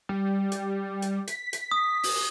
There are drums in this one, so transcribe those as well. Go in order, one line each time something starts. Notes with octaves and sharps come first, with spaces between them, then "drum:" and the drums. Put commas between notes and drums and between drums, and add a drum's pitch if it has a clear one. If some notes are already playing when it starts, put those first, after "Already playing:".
G3
drum: hi-hat
drum: hi-hat
B6, drum: hi-hat
drum: hi-hat
D#6
drum: open hi-hat